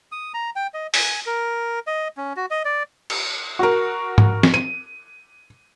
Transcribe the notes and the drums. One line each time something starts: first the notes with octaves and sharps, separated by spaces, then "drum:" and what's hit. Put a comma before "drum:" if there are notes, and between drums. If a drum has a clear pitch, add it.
D#6
A#5
G5
D#5
G#5, drum: open hi-hat
A#4
D#5
C#4
F#4
D#5
D5
drum: cymbal
F#4 A#4
drum: tom G#2
drum: snare
D#7